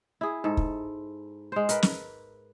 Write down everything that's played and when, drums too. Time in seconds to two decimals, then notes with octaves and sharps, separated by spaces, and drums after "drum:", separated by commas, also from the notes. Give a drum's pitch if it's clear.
0.21 E4 G#4
0.44 G#2 A4
0.57 drum: kick
1.52 G#3 C5
1.69 A#4 B4, drum: hi-hat
1.83 drum: snare